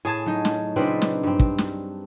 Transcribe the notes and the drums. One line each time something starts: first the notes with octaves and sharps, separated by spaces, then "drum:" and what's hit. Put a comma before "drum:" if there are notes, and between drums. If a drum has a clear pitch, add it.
A2 G#4 A5 G#6
F#3 D#4
drum: snare
A#2 C#3 C4 D4 D#4 B4
drum: snare
G2 C4
drum: kick
drum: snare